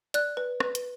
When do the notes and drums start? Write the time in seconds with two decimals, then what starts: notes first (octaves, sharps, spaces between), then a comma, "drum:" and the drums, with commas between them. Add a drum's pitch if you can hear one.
0.14 D5 F#6, drum: hi-hat
0.37 B4
0.60 B4, drum: rim click
0.75 drum: hi-hat